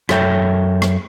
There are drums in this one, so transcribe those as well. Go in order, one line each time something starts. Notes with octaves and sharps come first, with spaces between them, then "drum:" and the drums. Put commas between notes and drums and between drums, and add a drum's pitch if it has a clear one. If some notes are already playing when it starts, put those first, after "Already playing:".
F#2 A4 C#5 E5 G5, drum: rim click
drum: rim click